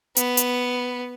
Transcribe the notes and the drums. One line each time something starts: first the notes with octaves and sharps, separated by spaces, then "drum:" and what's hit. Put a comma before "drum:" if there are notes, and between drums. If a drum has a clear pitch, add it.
B3, drum: hi-hat
drum: hi-hat